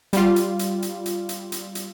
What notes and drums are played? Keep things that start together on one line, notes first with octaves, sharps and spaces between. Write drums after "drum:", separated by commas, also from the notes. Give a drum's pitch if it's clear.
G3 F4, drum: hi-hat
drum: hi-hat
drum: hi-hat
drum: hi-hat
drum: hi-hat
drum: hi-hat
drum: hi-hat
drum: hi-hat